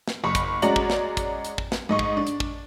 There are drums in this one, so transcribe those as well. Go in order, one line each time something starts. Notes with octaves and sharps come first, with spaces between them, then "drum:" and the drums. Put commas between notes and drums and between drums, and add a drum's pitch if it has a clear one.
drum: snare
F#1 B5 C#6
drum: kick, hi-hat
G#3 C#4 F#4 D5 A#5 F#7, drum: hi-hat
drum: kick
drum: snare
drum: kick, hi-hat
drum: hi-hat
drum: kick
drum: snare
G#2 D#5 C#6
drum: kick
D4
drum: hi-hat
drum: kick